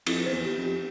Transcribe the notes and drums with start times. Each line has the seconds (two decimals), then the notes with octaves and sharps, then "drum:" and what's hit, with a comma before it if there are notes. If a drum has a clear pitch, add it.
0.06 F2 E4, drum: cymbal
0.26 C5
0.32 E2
0.45 G4
0.58 F2
0.64 G4